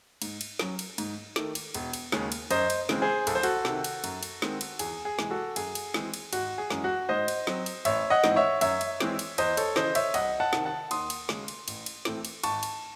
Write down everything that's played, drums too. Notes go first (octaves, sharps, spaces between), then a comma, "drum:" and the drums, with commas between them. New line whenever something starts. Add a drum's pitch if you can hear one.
G#2, drum: cymbal
drum: cymbal
F#3 C#4, drum: snare
drum: cymbal
G#2, drum: cymbal
D#3 A3, drum: snare
drum: cymbal
E1, drum: cymbal
drum: cymbal
D#2 C#3 G#3 C#4, drum: snare
drum: cymbal
F#2 C5 D#5, drum: cymbal
drum: cymbal
C#3 E3 G#3 C4, drum: snare
G#4 C5
C2 A4, drum: cymbal
C5
F#4 A4, drum: cymbal
C3 D#3, drum: snare
drum: cymbal
F#2, drum: cymbal
drum: cymbal
D#3 G#3 C4, drum: snare
drum: cymbal
E2 G#4, drum: cymbal
G#4
C3 E3 G#3, drum: snare
F#4 A4
F#2 G#4, drum: cymbal
drum: cymbal
E3 G#3 C4, drum: snare
drum: cymbal
G#1 F#4, drum: cymbal
G#4
F#2 E3 G#3 C#4, drum: snare
F#4
G#2 C5 D#5
drum: cymbal
F#3 C4, drum: snare
drum: cymbal
A1 C#5 E5, drum: cymbal
D#5 F#5
G#2 E3 C4, drum: snare
C#5 E5
F#2 C#5 E5, drum: cymbal
drum: cymbal
E3 G#3 C4, drum: snare
drum: cymbal
E2 C5 D#5, drum: cymbal
A4 C#5, drum: cymbal
C#3 E3 C5 D#5, drum: snare
C#5 E5, drum: cymbal
C2 D#5 F#5, drum: cymbal
F#5 A5
C3 D#3, drum: snare
F#5 A5
D#2 C6 D#6, drum: cymbal
drum: cymbal
C#3 G#3 C#4, drum: snare
drum: cymbal
A1, drum: cymbal
drum: cymbal
A2 E3 A3 C4, drum: snare
drum: cymbal
G#1 A5 C#6, drum: cymbal
drum: cymbal